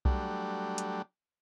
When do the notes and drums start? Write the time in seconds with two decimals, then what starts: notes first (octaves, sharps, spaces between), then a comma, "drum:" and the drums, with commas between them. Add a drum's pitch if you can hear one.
0.05 F#3 G3 A3 D4, drum: kick B1
0.78 drum: hi-hat